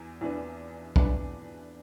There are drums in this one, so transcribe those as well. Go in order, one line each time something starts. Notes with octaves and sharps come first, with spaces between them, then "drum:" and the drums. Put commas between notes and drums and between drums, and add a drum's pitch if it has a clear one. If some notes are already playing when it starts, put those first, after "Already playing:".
Already playing: E2 E3
E2 E3 D4 B4
E2 E3 D4 B4, drum: kick